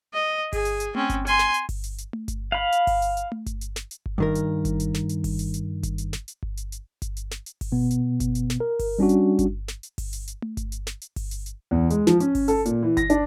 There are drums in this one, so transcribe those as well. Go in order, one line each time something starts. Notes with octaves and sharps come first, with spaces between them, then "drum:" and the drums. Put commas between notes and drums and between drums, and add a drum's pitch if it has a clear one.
D#5
G#4, drum: kick G1, open hi-hat
drum: hi-hat
drum: hi-hat
C4 C#4, drum: tom A3
drum: kick G1, hi-hat
G#5 C6, drum: hi-hat
drum: snare
drum: hi-hat
drum: kick G1, open hi-hat
drum: hi-hat
drum: hi-hat
drum: tom A3
drum: kick G1, hi-hat
F5 B5
drum: hi-hat
drum: kick G1, open hi-hat
drum: hi-hat
drum: hi-hat
drum: tom A3
drum: kick G1, hi-hat
drum: hi-hat
drum: snare
drum: hi-hat
drum: kick G1
G2 D#3 A#4
drum: hi-hat
drum: kick G1, hi-hat
drum: hi-hat
drum: snare
drum: hi-hat
drum: kick G1, open hi-hat
drum: hi-hat
drum: hi-hat
drum: kick G1, hi-hat
drum: hi-hat
drum: snare
drum: hi-hat
drum: kick G1
drum: hi-hat
drum: hi-hat
drum: kick G1, hi-hat
drum: hi-hat
drum: snare
drum: hi-hat
drum: kick G1, open hi-hat
B2 B3
drum: hi-hat
drum: kick G1, hi-hat
drum: hi-hat
drum: snare
A#4
drum: kick G1, open hi-hat
G3 C#4 D4 F#4
drum: hi-hat
drum: kick G1, hi-hat
drum: snare
drum: hi-hat
drum: kick G1, open hi-hat
drum: hi-hat
drum: hi-hat
drum: tom A3
drum: kick G1, hi-hat
drum: hi-hat
drum: snare
drum: hi-hat
drum: kick G1, open hi-hat
drum: hi-hat
drum: hi-hat
E2
G#3, drum: hi-hat
F3, drum: snare
C#4, drum: hi-hat
drum: kick G1, open hi-hat
A4, drum: hi-hat
A#2, drum: hi-hat
E3
A#6, drum: kick G1, hi-hat
D4, drum: hi-hat